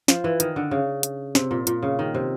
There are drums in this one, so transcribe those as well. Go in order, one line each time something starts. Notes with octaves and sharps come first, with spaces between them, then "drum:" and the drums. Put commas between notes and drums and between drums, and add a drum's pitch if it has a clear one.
F3, drum: snare
E3
D#3, drum: hi-hat
D3
C#3
drum: hi-hat
C3, drum: snare
A#2
A#2, drum: hi-hat
C#3
D#3
C3